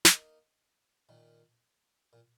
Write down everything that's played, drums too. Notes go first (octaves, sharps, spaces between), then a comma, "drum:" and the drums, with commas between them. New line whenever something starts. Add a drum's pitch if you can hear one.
A#3 D#4, drum: snare
A#2 D#3
A#2